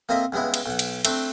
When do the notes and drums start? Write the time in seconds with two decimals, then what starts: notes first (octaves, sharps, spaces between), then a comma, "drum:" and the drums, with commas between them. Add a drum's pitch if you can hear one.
0.09 A#3 C4 F4 A4 D#5 E5
0.32 C#2 G3 G#3 B3 E4
0.54 drum: cymbal
0.66 B1 F#5
0.79 drum: cymbal
1.05 A3 C4 D4, drum: cymbal